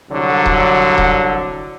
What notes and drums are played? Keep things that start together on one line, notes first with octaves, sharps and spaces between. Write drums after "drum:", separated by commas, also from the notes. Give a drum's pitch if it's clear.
C2 D3 F#3
drum: kick D#1
drum: kick D#1